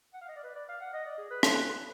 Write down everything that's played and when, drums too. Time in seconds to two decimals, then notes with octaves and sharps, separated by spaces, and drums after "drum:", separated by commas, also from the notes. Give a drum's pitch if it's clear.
0.14 F#5
0.22 F5
0.29 D#5
0.36 D5
0.44 B4
0.56 D5
0.69 F5
0.81 F#5
0.93 D#5
1.06 D5
1.18 G#4
1.31 B4
1.43 drum: rim click